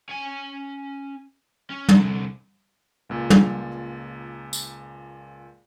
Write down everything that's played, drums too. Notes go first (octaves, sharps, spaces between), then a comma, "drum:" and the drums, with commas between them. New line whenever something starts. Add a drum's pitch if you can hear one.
C#4 G#5
C#4
C2 D3, drum: tom
C#2 A#2
drum: tom
drum: tambourine